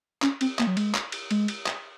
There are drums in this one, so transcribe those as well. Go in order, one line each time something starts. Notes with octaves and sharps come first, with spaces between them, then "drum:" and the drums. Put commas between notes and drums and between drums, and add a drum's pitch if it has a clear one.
C#4, drum: clap
C4, drum: cymbal
A#3, drum: clap
F#3
G#3, drum: cymbal
drum: clap
drum: cymbal
G#3, drum: cymbal
drum: cymbal
drum: clap